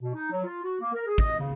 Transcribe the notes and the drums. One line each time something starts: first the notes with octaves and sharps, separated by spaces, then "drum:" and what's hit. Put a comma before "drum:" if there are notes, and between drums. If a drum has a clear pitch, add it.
B2
D#4
F#3
F4
F#4
A#3
A#4
G#4
D#5, drum: kick
C#3